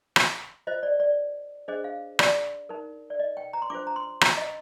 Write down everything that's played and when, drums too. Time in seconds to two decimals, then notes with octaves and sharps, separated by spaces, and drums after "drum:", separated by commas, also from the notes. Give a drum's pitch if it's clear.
0.16 drum: rim click
0.67 F4 C5 D#5
0.83 D5
1.00 D5
1.68 D4 G#4 C5 D#5
1.84 F5
2.19 D5, drum: rim click
2.69 D#4 A#4
3.10 D5
3.19 D#5
3.37 G5
3.53 A#5
3.62 C6
3.70 D4 F4 C5 D6
3.87 A#5
3.96 C6
4.21 A#5, drum: rim click
4.37 D#5